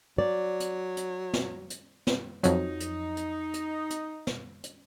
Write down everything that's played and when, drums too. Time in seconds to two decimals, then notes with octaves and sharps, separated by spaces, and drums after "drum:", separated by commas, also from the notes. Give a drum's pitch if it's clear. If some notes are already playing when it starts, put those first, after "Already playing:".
0.18 F#3 D5
0.60 drum: hi-hat
0.97 drum: hi-hat
1.33 drum: snare
1.70 drum: hi-hat
2.07 drum: snare
2.43 F2 F#3 D#4, drum: hi-hat
2.80 drum: hi-hat
3.17 drum: hi-hat
3.54 drum: hi-hat
3.90 drum: hi-hat
4.27 drum: snare
4.64 drum: hi-hat